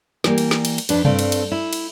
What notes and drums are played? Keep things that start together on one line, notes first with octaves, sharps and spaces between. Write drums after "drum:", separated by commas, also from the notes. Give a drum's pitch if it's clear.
E3 G3 A#3, drum: snare
drum: cymbal
drum: snare
drum: cymbal
drum: cymbal
F2 D4 B4, drum: cymbal
G2 A3 C4 A4 D5 F5, drum: tom C3
drum: cymbal
drum: cymbal
E4
drum: cymbal